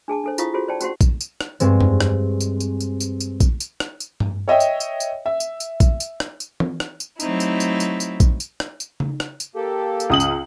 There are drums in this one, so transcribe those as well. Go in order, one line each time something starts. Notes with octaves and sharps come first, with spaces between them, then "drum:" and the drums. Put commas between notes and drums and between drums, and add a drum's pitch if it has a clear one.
D4 G#4 A5 D6
D4 A4 C5
E4 F4 C5 F5 C#6 D#6, drum: tambourine
F4 F#4 G#4 A4 C5
C5 D5 G5 A5
C#4 F#4 G4 C5 F#5 C6, drum: tambourine
drum: kick A#1, tambourine
drum: tambourine
drum: rim click
G2 G#3 C4, drum: tambourine
drum: tom F2
drum: rim click
drum: tambourine
drum: tambourine
drum: tambourine
drum: tambourine
drum: tambourine
drum: kick A#1, tambourine
drum: tambourine
drum: rim click
drum: tambourine
drum: tom G2
C#5 D#5 E5 G5
drum: tambourine
drum: tambourine
drum: tambourine
E5
drum: tambourine
drum: tambourine
drum: kick A#1, tambourine
drum: tambourine
drum: rim click
drum: tambourine
drum: tom
drum: rim click
drum: tambourine
F#3 A3 C4 D#4 E4, drum: tambourine
drum: tambourine
drum: tambourine
drum: tambourine
drum: tambourine
drum: kick A#1, tambourine
drum: tambourine
drum: rim click
drum: tambourine
drum: tom C#3
drum: rim click
drum: tambourine
A#3 G4 A4
drum: tambourine
C#2 D#6 F#7
drum: tambourine